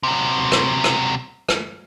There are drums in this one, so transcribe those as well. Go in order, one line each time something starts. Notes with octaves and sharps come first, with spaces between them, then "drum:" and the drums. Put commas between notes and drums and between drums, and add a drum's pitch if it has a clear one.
C3 F#3
drum: rim click
drum: rim click
drum: rim click